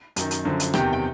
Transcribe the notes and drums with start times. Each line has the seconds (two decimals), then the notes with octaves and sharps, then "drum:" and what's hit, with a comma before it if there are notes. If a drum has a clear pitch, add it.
0.16 F#2 D#3, drum: hi-hat
0.31 drum: hi-hat
0.45 F#2 D3 F3
0.60 drum: hi-hat
0.74 E2 C3 D#3 G4 G5, drum: rim click
0.93 G5